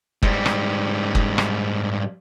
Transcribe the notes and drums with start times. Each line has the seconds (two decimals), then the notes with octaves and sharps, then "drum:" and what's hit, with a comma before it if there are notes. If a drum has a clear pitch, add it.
0.22 G#2 G3, drum: kick F#1
0.46 drum: rim click
1.15 drum: kick F#1
1.38 drum: rim click